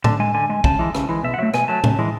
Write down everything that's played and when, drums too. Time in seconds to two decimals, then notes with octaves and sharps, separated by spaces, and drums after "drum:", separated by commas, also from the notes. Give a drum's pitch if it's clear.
0.04 D3 A5, drum: tom A2
0.20 G#3 G#5
0.34 D3 G#5
0.49 G#3 G#5
0.64 C#3 A5, drum: kick
0.79 E3 G#3
0.95 C#3, drum: rim click
1.09 E3 G#3
1.23 B2 E5
1.34 F#5
1.38 F#3 A3 E5
1.54 B2 G#5, drum: rim click
1.68 F#3 A3 A5
1.84 C#3, drum: tom A2
1.99 E3 G#3